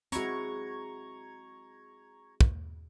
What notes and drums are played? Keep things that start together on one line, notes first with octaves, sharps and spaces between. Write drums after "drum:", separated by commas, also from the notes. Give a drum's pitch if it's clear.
G#3 C4 E4 F#4 A#5 C#6 G#6, drum: hi-hat
drum: kick